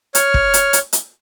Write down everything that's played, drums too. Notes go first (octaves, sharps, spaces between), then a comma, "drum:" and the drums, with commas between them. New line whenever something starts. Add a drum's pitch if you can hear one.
C#5 F6, drum: hi-hat
drum: kick
drum: hi-hat
drum: hi-hat
drum: hi-hat